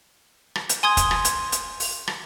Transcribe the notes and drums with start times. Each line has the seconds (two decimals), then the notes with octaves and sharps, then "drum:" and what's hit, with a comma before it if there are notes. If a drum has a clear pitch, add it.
0.55 drum: rim click
0.69 drum: hi-hat
0.83 G#5 C6 D#6 G#6
0.97 drum: kick, hi-hat
1.11 drum: rim click
1.25 drum: hi-hat
1.52 drum: hi-hat
1.80 drum: open hi-hat
2.08 drum: rim click